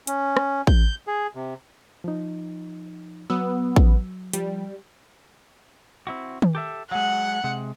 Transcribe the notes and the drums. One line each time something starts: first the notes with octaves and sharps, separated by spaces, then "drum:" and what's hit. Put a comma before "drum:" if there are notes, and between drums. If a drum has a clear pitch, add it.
C#4, drum: hi-hat
drum: rim click
G6, drum: kick A1
G#4
C3
F3 D#4
F#3 B3 E6
drum: kick A1
F3 G3, drum: hi-hat
C4 E4 F#4
drum: tom D#3
G4 A4 E5
F#3 G#3 F#5
C3 G#3